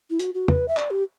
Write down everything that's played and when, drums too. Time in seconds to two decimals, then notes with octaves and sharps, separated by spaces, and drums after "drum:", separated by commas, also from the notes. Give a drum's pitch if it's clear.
0.10 E4
0.19 F#4, drum: hi-hat
0.34 F#4
0.48 B4, drum: tom
0.68 E5
0.77 D5, drum: clap
0.90 G4